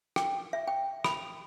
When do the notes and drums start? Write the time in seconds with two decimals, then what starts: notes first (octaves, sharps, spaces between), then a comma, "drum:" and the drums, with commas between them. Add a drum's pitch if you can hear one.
0.16 G5, drum: rim click
0.53 E5
0.68 G5
1.04 B5, drum: rim click